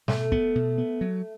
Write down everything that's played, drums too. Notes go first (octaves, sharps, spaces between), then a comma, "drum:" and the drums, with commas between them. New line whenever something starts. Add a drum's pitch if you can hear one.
B2 A3, drum: snare
B3, drum: kick
B2
B3
F#3